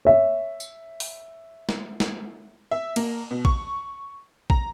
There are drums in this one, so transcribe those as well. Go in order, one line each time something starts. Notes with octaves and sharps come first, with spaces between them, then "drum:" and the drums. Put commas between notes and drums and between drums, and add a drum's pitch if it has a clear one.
C#5 E5
drum: tambourine
drum: open hi-hat
drum: snare
drum: snare
E5
A#3, drum: cymbal
B2
C#6, drum: kick A#1
A#5, drum: kick A#1